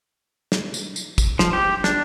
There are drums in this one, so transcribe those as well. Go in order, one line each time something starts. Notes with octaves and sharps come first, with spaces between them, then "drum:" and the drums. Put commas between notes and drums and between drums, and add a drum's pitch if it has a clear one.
drum: snare
drum: tambourine
drum: tambourine
drum: kick, tambourine
F3, drum: snare
G4
D4, drum: snare